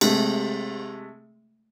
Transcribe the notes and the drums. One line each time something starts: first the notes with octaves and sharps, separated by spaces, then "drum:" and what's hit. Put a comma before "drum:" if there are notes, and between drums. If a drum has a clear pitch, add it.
C3 G#3 A3, drum: cymbal